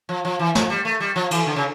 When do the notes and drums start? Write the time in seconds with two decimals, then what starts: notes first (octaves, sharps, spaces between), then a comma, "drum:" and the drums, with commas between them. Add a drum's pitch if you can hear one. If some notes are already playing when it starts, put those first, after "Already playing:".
0.09 F3
0.25 F3
0.39 E3
0.55 F3, drum: snare
0.70 G3
0.85 A3
1.00 G3
1.16 F3
1.31 E3, drum: cymbal
1.46 D3
1.56 C#3